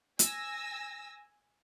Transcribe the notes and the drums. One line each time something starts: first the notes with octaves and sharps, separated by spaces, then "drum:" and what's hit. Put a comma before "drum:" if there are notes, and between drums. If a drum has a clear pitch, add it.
G#5 E6 A#6, drum: hi-hat